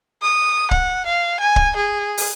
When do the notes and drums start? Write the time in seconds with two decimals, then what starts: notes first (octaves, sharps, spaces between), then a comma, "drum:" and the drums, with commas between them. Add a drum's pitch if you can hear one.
0.22 D#6
0.71 F#5, drum: kick C#1
1.06 F5
1.40 G#5
1.56 drum: kick C#1
1.76 G#4
2.18 drum: open hi-hat